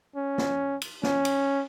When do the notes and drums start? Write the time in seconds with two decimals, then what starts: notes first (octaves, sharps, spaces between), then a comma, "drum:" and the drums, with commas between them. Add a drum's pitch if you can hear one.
0.16 C#4
0.38 drum: snare
0.81 drum: cymbal
1.03 C#4, drum: snare
1.25 drum: cymbal